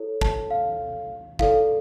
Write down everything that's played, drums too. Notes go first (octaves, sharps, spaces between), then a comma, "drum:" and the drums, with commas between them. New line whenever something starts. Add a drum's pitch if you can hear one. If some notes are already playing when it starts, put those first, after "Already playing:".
Already playing: E4 A4 C#5
A5, drum: kick
F5
E4 A4 D5 F5, drum: kick